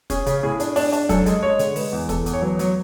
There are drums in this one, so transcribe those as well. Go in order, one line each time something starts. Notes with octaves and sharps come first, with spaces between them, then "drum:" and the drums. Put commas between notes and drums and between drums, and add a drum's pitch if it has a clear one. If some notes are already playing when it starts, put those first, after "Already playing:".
C#4 G#4, drum: kick, hi-hat
C#3, drum: hi-hat
A2 G#4
D4, drum: hi-hat
D4, drum: open hi-hat
D4, drum: hi-hat
F#2 A4, drum: kick, hi-hat
G#3, drum: hi-hat
G#3 C#5
D3, drum: hi-hat
G#3 B4, drum: open hi-hat
E2
E2 A4, drum: kick, hi-hat
E2, drum: hi-hat
C#5
F#3 B4
F#3, drum: hi-hat